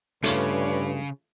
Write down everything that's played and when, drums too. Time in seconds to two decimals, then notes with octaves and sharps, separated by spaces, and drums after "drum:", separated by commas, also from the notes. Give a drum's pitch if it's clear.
0.24 G2 C#3 A3 F4 B4 C#5 D5, drum: hi-hat